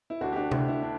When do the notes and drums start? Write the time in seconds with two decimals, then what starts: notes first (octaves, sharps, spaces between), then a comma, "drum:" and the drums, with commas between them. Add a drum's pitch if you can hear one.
0.10 E4
0.21 D2 D4 F#4
0.32 G4
0.36 D4 F#4
0.51 D2 E4, drum: tom C3
0.68 E4
0.82 D4